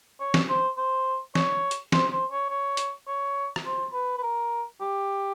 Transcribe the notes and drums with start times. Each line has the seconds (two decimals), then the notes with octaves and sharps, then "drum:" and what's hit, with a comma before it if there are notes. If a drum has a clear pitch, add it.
0.20 C#5
0.34 drum: snare
0.49 C5
0.77 C5
1.35 C#5, drum: snare
1.71 drum: hi-hat
1.92 C5, drum: snare
2.12 C5
2.31 C#5
2.50 C#5
2.77 drum: hi-hat
3.07 C#5
3.56 drum: rim click
3.65 C5
3.93 B4
4.18 B4
4.23 A#4
4.80 G4